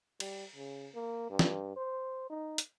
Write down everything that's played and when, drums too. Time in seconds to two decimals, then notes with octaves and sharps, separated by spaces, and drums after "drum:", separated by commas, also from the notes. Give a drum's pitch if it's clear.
0.20 G3, drum: cymbal
0.56 C#3
0.94 A#3
1.30 G2
1.39 drum: snare
1.76 C5
2.30 D#4
2.58 drum: hi-hat